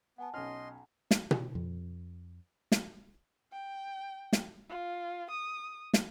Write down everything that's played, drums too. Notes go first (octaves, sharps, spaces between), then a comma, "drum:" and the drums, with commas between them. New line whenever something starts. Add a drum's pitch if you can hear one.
B3 F#5 G#5 A5
B1 C#4 D#5 C6 F6
drum: snare
drum: tom B2
F2
drum: snare
G5
drum: snare
F4
D#6
drum: snare